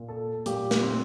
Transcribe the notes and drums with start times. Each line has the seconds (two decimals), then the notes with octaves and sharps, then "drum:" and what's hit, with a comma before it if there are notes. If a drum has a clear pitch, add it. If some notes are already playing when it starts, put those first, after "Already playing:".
Already playing: A#2
0.09 A4
0.46 A#2 G4, drum: hi-hat
0.71 drum: snare
0.83 C4